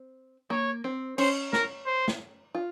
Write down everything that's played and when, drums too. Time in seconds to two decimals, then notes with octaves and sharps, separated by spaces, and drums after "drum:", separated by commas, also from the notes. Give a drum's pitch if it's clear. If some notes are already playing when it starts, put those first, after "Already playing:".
Already playing: C4
0.50 A#3 C#5
0.84 C4
1.18 C#4 C5, drum: cymbal
1.53 A#4, drum: snare
1.86 C5
2.08 drum: snare
2.55 F4